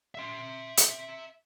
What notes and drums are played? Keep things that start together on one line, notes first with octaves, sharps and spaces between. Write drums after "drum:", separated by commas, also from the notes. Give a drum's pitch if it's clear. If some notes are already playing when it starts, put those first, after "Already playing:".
E5 C6
drum: hi-hat